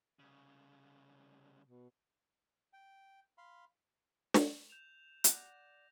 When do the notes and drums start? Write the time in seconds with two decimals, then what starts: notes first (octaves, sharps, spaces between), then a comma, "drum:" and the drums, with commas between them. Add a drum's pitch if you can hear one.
0.19 C2 C#3
1.67 B2
2.73 G5
3.38 F5 B5 C6
4.34 drum: snare
4.70 G6 E7 F7
5.24 D5 F#5 A#6, drum: hi-hat